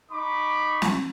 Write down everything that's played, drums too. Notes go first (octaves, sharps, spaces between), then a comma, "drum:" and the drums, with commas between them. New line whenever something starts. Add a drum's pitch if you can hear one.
D#4 B5 C#6 D6
drum: snare